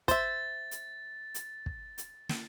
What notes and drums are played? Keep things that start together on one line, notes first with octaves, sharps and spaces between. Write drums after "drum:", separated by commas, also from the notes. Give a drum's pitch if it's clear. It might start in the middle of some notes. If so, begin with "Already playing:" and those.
C5 E5 A6, drum: kick, hi-hat
drum: hi-hat
drum: hi-hat
drum: kick
drum: hi-hat
drum: snare